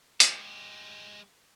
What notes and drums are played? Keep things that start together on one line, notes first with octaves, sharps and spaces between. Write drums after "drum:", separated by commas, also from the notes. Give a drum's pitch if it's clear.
G#3 G4, drum: hi-hat